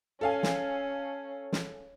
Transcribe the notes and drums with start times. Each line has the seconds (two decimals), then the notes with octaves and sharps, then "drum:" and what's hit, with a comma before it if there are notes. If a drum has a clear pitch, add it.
0.21 C#4 A4 F5 G#5
0.43 drum: snare
1.52 drum: snare